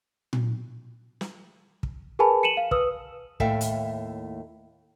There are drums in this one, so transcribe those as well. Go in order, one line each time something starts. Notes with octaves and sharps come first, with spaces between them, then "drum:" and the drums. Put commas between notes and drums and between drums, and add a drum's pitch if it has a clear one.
drum: tom A#2
drum: snare
drum: kick
G#4 A#4 B4 G#5 A5 B5
C#7 D#7 E7 F#7
F5
B4 D#6 E6, drum: kick
D#2 A2 A4 E5 F5 G5, drum: kick
drum: hi-hat